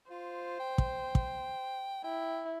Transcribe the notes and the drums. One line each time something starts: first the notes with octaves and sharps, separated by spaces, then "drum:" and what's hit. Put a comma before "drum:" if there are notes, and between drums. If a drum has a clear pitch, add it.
F4 C5
G5
drum: kick
drum: kick
E4 G5